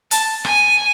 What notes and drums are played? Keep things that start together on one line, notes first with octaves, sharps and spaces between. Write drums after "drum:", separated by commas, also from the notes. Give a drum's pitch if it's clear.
A5, drum: hi-hat
G#5, drum: rim click